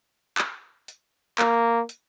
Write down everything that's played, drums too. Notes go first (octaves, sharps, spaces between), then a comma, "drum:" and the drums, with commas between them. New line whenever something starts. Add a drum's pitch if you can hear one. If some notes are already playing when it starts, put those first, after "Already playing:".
drum: clap
drum: hi-hat
A#3, drum: clap
drum: hi-hat